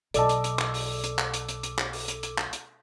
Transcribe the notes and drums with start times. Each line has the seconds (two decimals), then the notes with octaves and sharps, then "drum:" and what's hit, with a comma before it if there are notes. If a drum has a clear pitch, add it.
0.14 B1 A4 D5 D#5 A5 D6 E6, drum: hi-hat
0.29 drum: hi-hat
0.44 drum: hi-hat
0.59 drum: clap
0.74 drum: open hi-hat
1.04 drum: hi-hat
1.19 drum: clap
1.34 drum: hi-hat
1.49 drum: hi-hat
1.63 drum: hi-hat
1.78 drum: clap
1.93 drum: open hi-hat
2.08 drum: hi-hat
2.23 drum: hi-hat
2.38 drum: clap
2.53 drum: hi-hat